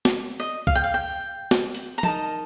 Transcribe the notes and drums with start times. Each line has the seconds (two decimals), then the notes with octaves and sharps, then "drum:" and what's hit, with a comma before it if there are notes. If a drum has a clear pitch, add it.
0.05 drum: snare
0.40 D#5
0.67 F5, drum: kick
0.75 G5
0.84 F5
0.94 G5
1.51 drum: snare
1.75 drum: open hi-hat
1.98 A#5
2.03 D#4 A#4 D#5 A5, drum: tom